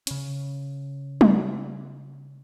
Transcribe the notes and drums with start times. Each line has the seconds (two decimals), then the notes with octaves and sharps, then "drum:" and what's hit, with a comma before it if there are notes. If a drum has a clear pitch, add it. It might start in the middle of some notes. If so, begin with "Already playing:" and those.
0.07 C#3 C#4, drum: hi-hat
1.21 drum: tom F#3